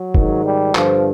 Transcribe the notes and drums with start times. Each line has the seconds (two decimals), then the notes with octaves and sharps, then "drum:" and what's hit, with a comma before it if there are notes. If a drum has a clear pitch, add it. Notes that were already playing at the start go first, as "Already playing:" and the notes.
Already playing: F#3
0.15 G#2 D#3, drum: kick
0.45 G3
0.75 G2 D3 F3, drum: clap